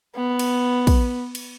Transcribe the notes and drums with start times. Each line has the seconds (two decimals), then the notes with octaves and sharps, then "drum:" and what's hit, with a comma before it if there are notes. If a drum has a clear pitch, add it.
0.16 B3
0.39 drum: cymbal
0.87 drum: kick, cymbal
1.35 drum: cymbal